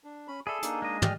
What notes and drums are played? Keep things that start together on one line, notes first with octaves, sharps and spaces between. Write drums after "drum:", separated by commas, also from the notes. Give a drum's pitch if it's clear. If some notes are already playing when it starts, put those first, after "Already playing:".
D4
C#4 B5
G#4 A4 D5 E5 B5
A#3 D4 D#4, drum: hi-hat
G#3 D#5
G4 D5 F6, drum: tom